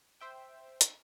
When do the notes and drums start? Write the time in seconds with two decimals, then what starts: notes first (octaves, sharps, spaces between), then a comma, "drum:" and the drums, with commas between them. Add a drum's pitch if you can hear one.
0.21 C5 E5 G5
0.81 drum: hi-hat